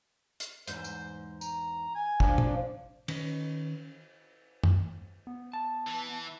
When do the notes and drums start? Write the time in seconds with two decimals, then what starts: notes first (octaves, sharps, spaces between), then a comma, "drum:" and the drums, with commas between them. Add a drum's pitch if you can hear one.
0.40 drum: hi-hat
0.67 E2 G#2 C5, drum: hi-hat
0.84 drum: tambourine
1.41 A#5, drum: tambourine
1.95 G#5
2.20 F2 F3 D4, drum: kick
2.38 drum: tom
3.08 D#3 C#4 B4 D#5, drum: cymbal
4.64 drum: tom
5.27 B3
5.53 A5
5.87 E3